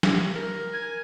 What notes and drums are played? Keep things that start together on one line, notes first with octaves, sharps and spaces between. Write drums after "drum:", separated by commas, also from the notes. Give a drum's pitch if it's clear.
drum: snare
A#4
G#5